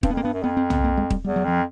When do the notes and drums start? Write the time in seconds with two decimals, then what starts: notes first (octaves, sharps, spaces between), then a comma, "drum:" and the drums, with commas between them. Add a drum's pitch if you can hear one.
0.03 G2 C4, drum: kick D#1
0.10 F2 B3
0.17 A#3
0.23 G2 B3
0.33 F#2
0.44 F2 B3
0.57 C4
0.70 B3, drum: tom
0.84 A#3
0.97 G#3
1.10 G3, drum: kick D#1
1.24 E2 G3
1.36 F#3
1.45 F2 F3